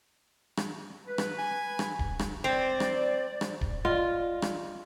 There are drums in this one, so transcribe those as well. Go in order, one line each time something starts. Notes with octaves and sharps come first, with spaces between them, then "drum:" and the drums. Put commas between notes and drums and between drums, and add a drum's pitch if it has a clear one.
drum: rim click
B4
drum: rim click
G#5
drum: rim click
drum: kick D1
drum: rim click
C4 D5
drum: rim click
drum: rim click
drum: kick D1
F4 D5 D#5
drum: rim click